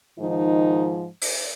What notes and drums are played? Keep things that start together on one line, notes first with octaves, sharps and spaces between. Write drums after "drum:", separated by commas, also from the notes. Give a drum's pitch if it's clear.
G#2 D#3 F3 D#4
drum: open hi-hat